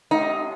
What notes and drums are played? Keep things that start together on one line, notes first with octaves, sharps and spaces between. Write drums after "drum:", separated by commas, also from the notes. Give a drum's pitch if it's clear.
D#4, drum: cymbal